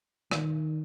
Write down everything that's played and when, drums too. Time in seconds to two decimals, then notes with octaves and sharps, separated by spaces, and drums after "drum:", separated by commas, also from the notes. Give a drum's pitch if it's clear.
0.31 D#3, drum: rim click